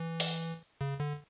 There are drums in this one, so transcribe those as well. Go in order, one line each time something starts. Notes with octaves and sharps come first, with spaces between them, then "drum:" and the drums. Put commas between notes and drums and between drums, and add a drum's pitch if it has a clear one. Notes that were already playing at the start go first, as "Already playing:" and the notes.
Already playing: E3
drum: open hi-hat
C#3
D3